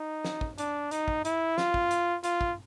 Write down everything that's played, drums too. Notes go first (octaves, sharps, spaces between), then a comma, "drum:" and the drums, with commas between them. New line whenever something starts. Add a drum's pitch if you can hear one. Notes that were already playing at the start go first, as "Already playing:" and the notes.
Already playing: D#4
drum: snare
drum: kick
D4, drum: hi-hat
D#4, drum: hi-hat
drum: kick
E4, drum: hi-hat
F4, drum: snare
drum: kick
drum: hi-hat
F4, drum: hi-hat
drum: kick